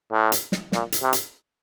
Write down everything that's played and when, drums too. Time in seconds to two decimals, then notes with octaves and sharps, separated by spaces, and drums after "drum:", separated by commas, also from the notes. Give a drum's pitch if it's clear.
0.12 A2
0.32 drum: hi-hat
0.52 drum: snare
0.72 A#2, drum: snare
0.92 drum: hi-hat
1.02 C3
1.13 drum: hi-hat